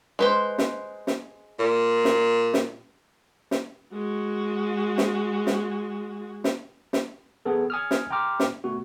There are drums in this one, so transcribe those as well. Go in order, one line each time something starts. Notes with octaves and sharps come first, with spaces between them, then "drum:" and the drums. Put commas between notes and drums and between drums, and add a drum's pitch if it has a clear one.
G#3 B4 C5
drum: snare
drum: snare
A#2
drum: snare
drum: snare
drum: snare
G#3 F#4
drum: snare
drum: snare
drum: snare
drum: snare
B3 G#4 A4
G#5 D#6 F6
drum: snare
G5 A#5 C6 D6 F6
drum: snare
A3 B3 F#4